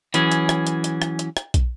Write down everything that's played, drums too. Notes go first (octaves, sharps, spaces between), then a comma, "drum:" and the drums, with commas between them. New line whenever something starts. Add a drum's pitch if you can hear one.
E3 F#3 C#4 G#4, drum: hi-hat
drum: hi-hat
drum: rim click
drum: hi-hat
drum: hi-hat
drum: rim click
drum: hi-hat
drum: rim click
drum: kick, hi-hat